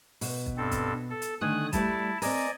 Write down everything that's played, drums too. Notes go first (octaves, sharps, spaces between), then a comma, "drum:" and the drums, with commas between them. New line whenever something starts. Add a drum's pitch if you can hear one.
B2, drum: open hi-hat
drum: kick
G2 C4 A4
drum: kick, hi-hat
A4
drum: hi-hat
D3 D#3 A3 G#5 D#6 F#6
G3 A3 E4 D5 A5, drum: kick, hi-hat
C4 A#4 D5 D#5 G#5, drum: open hi-hat